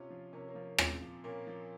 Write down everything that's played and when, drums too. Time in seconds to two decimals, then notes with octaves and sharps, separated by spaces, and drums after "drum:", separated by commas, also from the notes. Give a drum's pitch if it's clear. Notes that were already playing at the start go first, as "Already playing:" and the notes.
Already playing: C3 C#4 F4
0.10 F3
0.33 C3 A#3 C#4
0.48 A#3 C#4
0.55 F3
0.63 A#3
0.78 A#2 C4, drum: rim click
1.01 F3
1.24 A#2 A#3 C#4
1.47 F3